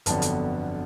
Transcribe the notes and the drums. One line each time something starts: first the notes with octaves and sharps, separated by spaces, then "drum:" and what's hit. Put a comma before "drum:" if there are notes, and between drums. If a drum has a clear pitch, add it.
G1 F2 D3 F#3 B3 A5, drum: hi-hat
drum: hi-hat